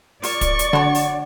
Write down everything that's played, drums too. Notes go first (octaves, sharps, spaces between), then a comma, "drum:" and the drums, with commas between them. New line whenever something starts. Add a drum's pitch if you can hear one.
F4 A#4 C#5 D5 C#6, drum: open hi-hat
drum: kick, hi-hat
drum: hi-hat
D3 F#4 C#5
drum: open hi-hat